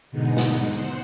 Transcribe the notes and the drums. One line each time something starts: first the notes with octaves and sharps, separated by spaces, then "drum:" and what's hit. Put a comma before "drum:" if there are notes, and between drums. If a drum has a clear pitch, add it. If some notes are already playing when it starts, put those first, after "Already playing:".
G#2 B2 D3 G#3 B3 D#4
drum: snare
C5 F#5